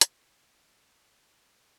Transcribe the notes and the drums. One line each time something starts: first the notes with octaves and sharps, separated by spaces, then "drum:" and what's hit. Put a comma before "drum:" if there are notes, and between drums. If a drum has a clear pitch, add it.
C4, drum: hi-hat
D#5
D5
B5
G4